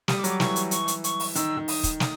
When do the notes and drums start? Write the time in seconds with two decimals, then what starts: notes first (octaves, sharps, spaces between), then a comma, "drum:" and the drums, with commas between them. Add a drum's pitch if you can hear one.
0.08 G3 D#6, drum: snare
0.19 D6
0.24 F#3, drum: hi-hat
0.29 D6
0.40 E3 C#6, drum: snare
0.56 drum: hi-hat
0.71 C#6, drum: hi-hat
0.88 drum: hi-hat
1.04 C#6, drum: hi-hat
1.20 drum: open hi-hat
1.35 D#3 E6, drum: hi-hat
1.57 D#3
1.68 D#6, drum: open hi-hat
1.84 drum: kick, hi-hat
2.00 D#6, drum: snare